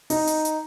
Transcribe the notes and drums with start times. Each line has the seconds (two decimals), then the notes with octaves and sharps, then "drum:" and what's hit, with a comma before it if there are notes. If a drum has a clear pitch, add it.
0.10 D#4, drum: open hi-hat
0.27 drum: hi-hat
0.45 drum: hi-hat